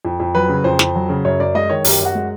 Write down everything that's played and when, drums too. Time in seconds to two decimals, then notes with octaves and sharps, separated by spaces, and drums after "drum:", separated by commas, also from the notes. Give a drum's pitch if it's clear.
0.05 F2
0.20 F2
0.35 F#3 B4
0.49 C#3
0.64 F2 C5
0.79 F2, drum: snare
0.95 F#3
1.09 C#3
1.25 F#2 C#5
1.40 F#2 D5
1.55 G#3 D#5
1.70 D#3 C#5
1.84 F#2 G4, drum: open hi-hat
1.99 F#2
2.05 F#4
2.15 G#3